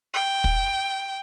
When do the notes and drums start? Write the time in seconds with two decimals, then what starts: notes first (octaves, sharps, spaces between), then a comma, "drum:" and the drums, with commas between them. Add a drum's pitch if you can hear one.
0.14 G5
0.44 drum: kick